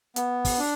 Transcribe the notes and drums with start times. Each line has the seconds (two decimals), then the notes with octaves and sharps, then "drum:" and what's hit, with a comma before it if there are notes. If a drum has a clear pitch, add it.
0.16 B3, drum: hi-hat
0.45 drum: kick, open hi-hat
0.59 D4